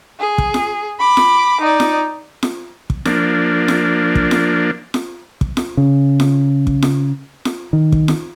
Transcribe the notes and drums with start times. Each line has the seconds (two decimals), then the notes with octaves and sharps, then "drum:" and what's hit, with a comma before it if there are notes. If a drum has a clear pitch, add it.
0.19 G#4
0.38 drum: kick
0.54 drum: snare
0.99 B5 D6
1.17 drum: snare
1.61 D#4 D5
1.80 drum: snare
2.43 drum: snare
2.90 drum: kick
3.05 F3 A#3 D4, drum: snare
3.68 drum: snare
4.15 drum: kick
4.31 drum: snare
4.94 drum: snare
5.41 drum: kick
5.57 drum: snare
5.77 C#3
6.20 drum: snare
6.67 drum: kick
6.82 drum: snare
7.45 drum: snare
7.73 D#3
7.92 drum: kick
8.08 drum: snare